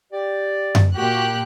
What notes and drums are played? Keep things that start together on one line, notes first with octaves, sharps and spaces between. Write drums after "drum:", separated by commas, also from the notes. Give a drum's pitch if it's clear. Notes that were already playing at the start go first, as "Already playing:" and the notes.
G4 D5
drum: tom F#2
A#2 F#4 G4 F#6